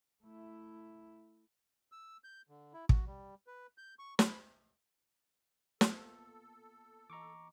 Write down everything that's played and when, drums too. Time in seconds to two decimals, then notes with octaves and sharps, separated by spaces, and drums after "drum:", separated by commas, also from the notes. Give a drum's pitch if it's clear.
0.25 A3 E4
1.92 E6
2.24 G6
2.49 D3
2.73 E4
2.89 F#4, drum: kick
3.06 G3
3.47 B4
3.78 G6
3.99 C#6
4.19 B5, drum: snare
5.81 A#3 B3 F4 A4, drum: snare
7.10 E3 D#5 A#5 C#6 D6